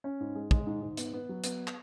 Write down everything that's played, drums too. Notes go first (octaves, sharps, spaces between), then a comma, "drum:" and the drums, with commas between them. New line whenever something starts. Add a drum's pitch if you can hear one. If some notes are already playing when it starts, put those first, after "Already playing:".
C#4
G#2
G#3
G#3, drum: kick
G#2
G#2
B3, drum: hi-hat
B3
F#3
B3, drum: hi-hat
drum: clap